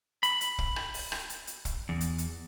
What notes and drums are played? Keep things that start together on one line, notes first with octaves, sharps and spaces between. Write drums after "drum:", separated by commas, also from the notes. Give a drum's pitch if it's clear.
B5, drum: hi-hat
drum: hi-hat
drum: kick
drum: rim click
drum: open hi-hat
drum: rim click
drum: hi-hat
drum: hi-hat
drum: kick, hi-hat
E2
drum: hi-hat
drum: hi-hat